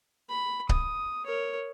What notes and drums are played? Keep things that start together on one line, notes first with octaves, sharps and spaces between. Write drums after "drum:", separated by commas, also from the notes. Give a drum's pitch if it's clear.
B5
D#6, drum: kick C#1
A#4 C#5